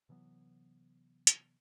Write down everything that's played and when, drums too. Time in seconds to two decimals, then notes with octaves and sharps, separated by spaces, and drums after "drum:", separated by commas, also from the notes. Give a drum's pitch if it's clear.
0.09 C3 E3 F#3 B3
1.27 drum: hi-hat